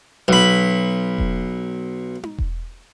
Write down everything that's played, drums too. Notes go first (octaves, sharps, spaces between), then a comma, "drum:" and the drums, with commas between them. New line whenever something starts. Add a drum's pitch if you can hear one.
B1 B5
drum: kick E1
drum: tom D#4
drum: kick E1